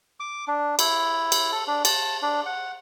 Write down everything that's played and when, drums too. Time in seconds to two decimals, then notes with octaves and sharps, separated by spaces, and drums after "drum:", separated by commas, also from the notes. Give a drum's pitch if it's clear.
0.20 D6
0.48 D4
0.79 E4, drum: cymbal
1.32 drum: cymbal
1.52 A4
1.67 D4
1.85 A5, drum: cymbal
2.22 D4
2.46 F#5